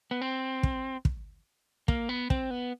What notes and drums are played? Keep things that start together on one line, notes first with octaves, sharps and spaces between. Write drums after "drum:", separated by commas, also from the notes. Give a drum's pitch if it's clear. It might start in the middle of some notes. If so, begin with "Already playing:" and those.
B3
C4
drum: kick
drum: kick
A#3, drum: kick
B3
C4, drum: kick
B3